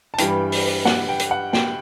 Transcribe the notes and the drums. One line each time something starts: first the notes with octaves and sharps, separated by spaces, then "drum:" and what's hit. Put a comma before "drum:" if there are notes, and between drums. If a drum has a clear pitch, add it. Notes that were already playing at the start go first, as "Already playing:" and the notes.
A5
G2 E3 G3 G5, drum: hi-hat
drum: open hi-hat
F#5, drum: snare
G5
drum: hi-hat
F#5
G5, drum: snare